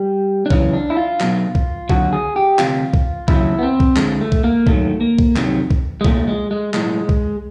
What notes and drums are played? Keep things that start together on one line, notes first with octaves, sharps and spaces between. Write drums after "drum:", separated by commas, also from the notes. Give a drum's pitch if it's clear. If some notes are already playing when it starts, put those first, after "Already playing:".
Already playing: G3
D4
F#2 C#3 E3 C#4, drum: kick C2
D4
E4
F4
B1 B2 F#3, drum: clap
drum: kick C2
D#2 D3 F#3 F#4, drum: kick C2
G#4
G4
D2 C3 F3 F4, drum: clap
drum: kick C2
D#2 C#3 F#3 E4, drum: kick C2
B3
C4
drum: kick C2
F2 D3 F3 G#3, drum: clap
A3
drum: kick C2
A#3
G#2 D#3 F#3 A3, drum: kick C2
A#3
drum: kick C2
F2 C3 D#3 F#3, drum: clap
drum: kick C2
G#3
C2 A#2 F3 A3, drum: kick C2
G#3
G#3
B1 A2 F3 G#3, drum: clap
drum: kick C2